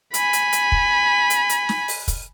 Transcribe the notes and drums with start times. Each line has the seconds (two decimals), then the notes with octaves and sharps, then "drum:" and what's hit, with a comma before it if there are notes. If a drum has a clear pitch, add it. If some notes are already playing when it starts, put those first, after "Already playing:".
0.14 G#5 B5, drum: hi-hat
0.33 drum: hi-hat
0.52 drum: hi-hat
0.72 drum: kick
1.30 drum: hi-hat
1.49 drum: hi-hat
1.69 drum: snare
1.88 drum: open hi-hat
2.08 drum: kick, hi-hat